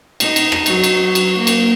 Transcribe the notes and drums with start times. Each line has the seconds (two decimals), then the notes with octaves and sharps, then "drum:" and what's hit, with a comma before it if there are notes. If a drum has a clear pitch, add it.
0.20 D#4, drum: cymbal
0.36 drum: cymbal
0.52 drum: rim click
0.66 F#3, drum: cymbal
0.84 drum: cymbal
1.15 drum: cymbal
1.38 A#3
1.47 drum: cymbal